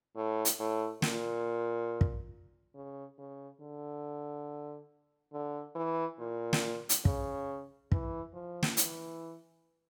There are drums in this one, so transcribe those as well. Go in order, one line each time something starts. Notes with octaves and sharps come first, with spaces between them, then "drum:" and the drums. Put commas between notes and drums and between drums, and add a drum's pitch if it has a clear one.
A2
drum: hi-hat
A2
A#2, drum: snare
drum: kick
C#3
C#3
D3
D3
E3
A#2
drum: snare
drum: hi-hat
C#3, drum: kick
E3, drum: kick
F3
drum: snare
E3, drum: hi-hat